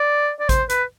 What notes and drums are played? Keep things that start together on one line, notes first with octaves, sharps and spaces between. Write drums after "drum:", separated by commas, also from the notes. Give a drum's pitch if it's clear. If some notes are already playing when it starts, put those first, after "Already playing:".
Already playing: D5
D5
C5, drum: kick A1, hi-hat
B4, drum: hi-hat